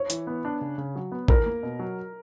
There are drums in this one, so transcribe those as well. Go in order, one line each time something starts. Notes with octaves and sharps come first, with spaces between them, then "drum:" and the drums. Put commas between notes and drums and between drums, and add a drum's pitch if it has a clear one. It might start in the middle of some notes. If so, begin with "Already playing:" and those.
Already playing: C#5
E3, drum: hi-hat
B3
D4
C#3
C#3
F#3
B3
E2 A#4, drum: kick
A#3
B2
F#3